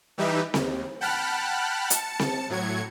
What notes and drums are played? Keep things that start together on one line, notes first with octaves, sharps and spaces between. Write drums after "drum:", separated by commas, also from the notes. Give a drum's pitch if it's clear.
E3 G3 D#4 G4 B4 E5
D#2, drum: snare C4
F#5 G5 A5 B5 F6 F#6
A5 C#7, drum: hi-hat
drum: snare C4
A2 F#3 G#6 C#7